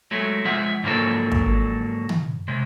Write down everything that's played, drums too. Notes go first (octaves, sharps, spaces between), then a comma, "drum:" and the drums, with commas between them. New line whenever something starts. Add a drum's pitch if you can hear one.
F#3 G#3 A3
F3 G#3 E5 F#5
G#2 D3 F3 F#3 A#3 A4
drum: kick
drum: tom
C3 G#3